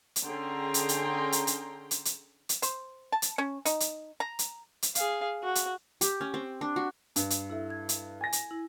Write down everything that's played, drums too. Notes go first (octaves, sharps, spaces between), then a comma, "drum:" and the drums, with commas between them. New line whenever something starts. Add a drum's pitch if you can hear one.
drum: hi-hat
D3 C#4 G#4 G5 A#5 C6
drum: hi-hat
drum: hi-hat
drum: hi-hat
drum: hi-hat
drum: hi-hat
drum: hi-hat
drum: hi-hat
C5, drum: hi-hat
A5
drum: hi-hat
C#4
D#4, drum: hi-hat
drum: hi-hat
A#5
drum: hi-hat
drum: hi-hat
G#4 F5, drum: hi-hat
F#4
drum: hi-hat
G4, drum: hi-hat
C#4
C4
D4
F#4
G2, drum: hi-hat
drum: hi-hat
E4 A4 E5
G#6
drum: hi-hat
G#5 A#6
drum: hi-hat
E4